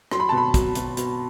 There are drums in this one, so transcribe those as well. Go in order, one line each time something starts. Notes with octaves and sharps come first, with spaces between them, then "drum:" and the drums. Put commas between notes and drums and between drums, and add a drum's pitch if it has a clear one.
F#3 C6, drum: rim click
B5
B2 A5
B5
F#3, drum: kick, hi-hat
B2, drum: hi-hat
B2, drum: hi-hat